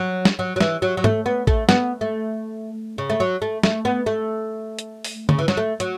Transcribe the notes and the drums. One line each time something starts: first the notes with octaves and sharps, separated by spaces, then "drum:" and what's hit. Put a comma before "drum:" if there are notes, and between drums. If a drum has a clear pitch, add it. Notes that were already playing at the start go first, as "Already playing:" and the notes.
Already playing: F#3
drum: snare
F#3
F#3
E3, drum: snare
F#3
F#3
A3, drum: tom G#2
B3
A3, drum: kick A1
B3, drum: snare
A3
C#3
A3
F#3
A3
A3, drum: snare
B3
A3
drum: hi-hat
drum: open hi-hat
C#3, drum: tom D3
E3
F#3, drum: snare
A3
F#3, drum: hi-hat